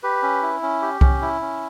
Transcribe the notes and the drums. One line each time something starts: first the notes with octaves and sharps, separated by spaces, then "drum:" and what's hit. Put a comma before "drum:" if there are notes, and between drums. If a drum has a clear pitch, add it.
G4 B4
C#4
E4
C#4
G4
C#4, drum: kick C2
E4
C#4